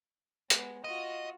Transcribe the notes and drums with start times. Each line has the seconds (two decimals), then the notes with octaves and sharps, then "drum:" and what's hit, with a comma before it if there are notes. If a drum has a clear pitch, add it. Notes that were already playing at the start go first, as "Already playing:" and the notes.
0.50 G#3 B3, drum: hi-hat
0.84 F4 F#4 D#5